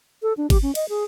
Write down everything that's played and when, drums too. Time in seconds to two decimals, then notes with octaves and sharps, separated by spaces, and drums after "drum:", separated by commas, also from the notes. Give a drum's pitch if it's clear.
0.22 A4
0.37 D4
0.50 G4, drum: kick G1, cymbal
0.63 C#4
0.75 D#5, drum: cymbal
0.89 G#4